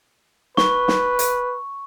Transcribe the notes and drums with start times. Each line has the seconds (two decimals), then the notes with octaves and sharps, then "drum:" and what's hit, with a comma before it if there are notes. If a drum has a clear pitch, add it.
0.57 B4 C#6, drum: snare
0.88 drum: snare
1.19 drum: hi-hat